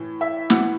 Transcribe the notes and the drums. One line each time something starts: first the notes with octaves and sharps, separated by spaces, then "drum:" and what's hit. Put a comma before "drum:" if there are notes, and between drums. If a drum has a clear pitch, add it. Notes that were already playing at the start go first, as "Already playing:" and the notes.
Already playing: A2 E3
E5
A2 E3 F#5, drum: snare